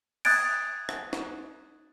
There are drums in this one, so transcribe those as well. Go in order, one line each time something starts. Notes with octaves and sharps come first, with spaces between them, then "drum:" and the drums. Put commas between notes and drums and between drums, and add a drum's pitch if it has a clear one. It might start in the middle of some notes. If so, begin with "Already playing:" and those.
D#6 F#6 G#6 A6 D7, drum: cymbal
drum: rim click
drum: snare